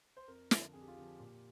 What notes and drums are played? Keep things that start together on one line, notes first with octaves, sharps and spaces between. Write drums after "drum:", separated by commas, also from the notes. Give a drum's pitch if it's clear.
C5
F2 A#4
D3 F3, drum: snare
F2 G#4
G4
F4
D3 F3 G4
A#2